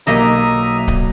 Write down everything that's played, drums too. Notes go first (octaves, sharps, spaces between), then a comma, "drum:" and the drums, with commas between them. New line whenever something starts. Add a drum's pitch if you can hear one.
B1 A#3 G4 D#5 E5 A#5 D#6
drum: kick C#1